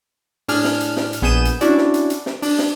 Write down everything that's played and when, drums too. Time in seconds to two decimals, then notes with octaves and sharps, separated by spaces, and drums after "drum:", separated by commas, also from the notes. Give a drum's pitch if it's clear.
0.48 A2 D4 G#4 F6, drum: open hi-hat
0.64 drum: snare
0.80 drum: hi-hat
0.97 drum: snare
1.13 drum: hi-hat
1.22 A#1 B3 G#4 G6 D#7 E7
1.45 drum: hi-hat
1.61 C#4 D4 E4 F#4 D5, drum: hi-hat
1.78 drum: snare
1.94 drum: hi-hat
2.10 drum: hi-hat
2.26 drum: snare
2.42 D4, drum: open hi-hat
2.58 drum: snare